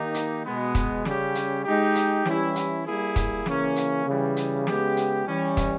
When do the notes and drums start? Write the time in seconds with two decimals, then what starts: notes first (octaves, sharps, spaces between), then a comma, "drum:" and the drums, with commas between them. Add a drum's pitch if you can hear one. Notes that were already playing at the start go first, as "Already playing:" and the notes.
Already playing: D#3 A#3 D#4 G4
0.14 drum: hi-hat
0.44 B2 G#3 B3
0.75 drum: kick, hi-hat
1.05 C#3 G3 C#4 G4, drum: snare
1.35 drum: hi-hat
1.65 G#3 D#4 G4
1.95 drum: hi-hat
2.26 E3 G3 C#4 E4 G4, drum: snare
2.56 drum: hi-hat
2.85 G3 A#3 E4 G#4
3.16 drum: kick, hi-hat
3.46 C#3 E3 A#3 C#4, drum: snare
3.76 drum: hi-hat
4.06 C#3 E3 G3
4.36 drum: hi-hat
4.67 C#3 G#3 B3 G4, drum: snare
4.97 drum: hi-hat
5.27 E3 G3 C#4
5.57 drum: kick, hi-hat